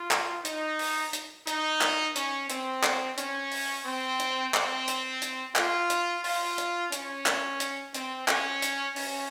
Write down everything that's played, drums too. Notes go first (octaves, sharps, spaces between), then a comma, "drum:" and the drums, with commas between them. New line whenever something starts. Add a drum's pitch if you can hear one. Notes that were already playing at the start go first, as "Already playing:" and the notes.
Already playing: F4
drum: clap
D#4, drum: hi-hat
drum: open hi-hat
drum: hi-hat
D#4, drum: hi-hat
drum: clap
C#4, drum: hi-hat
C4, drum: hi-hat
drum: clap
C#4, drum: hi-hat
drum: open hi-hat
C4
drum: hi-hat
C4, drum: clap
drum: hi-hat
drum: hi-hat
F4, drum: clap
drum: hi-hat
F4, drum: open hi-hat
drum: hi-hat
C#4, drum: hi-hat
drum: clap
drum: hi-hat
C4, drum: hi-hat
C#4, drum: clap
drum: hi-hat
C#4, drum: open hi-hat